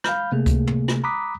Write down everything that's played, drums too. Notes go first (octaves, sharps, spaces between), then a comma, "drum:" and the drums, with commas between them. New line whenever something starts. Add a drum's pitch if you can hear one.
F5 B5 F6 G6, drum: rim click
C3 A3 A#3 G#4
drum: kick C#2, hi-hat
drum: tom
drum: rim click
A#5 B5 D6 D#6 F#6 B6